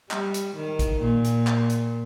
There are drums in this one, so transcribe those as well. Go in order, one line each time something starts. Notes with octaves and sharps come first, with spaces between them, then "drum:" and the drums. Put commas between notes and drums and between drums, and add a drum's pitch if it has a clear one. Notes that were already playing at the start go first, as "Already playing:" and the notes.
G3, drum: clap
drum: hi-hat
D#3
drum: kick A1, hi-hat
A#2
drum: hi-hat
drum: clap
drum: hi-hat